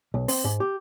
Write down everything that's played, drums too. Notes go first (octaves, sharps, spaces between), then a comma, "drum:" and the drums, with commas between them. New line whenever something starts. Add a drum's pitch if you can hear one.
B1
C4, drum: open hi-hat
G#2
G4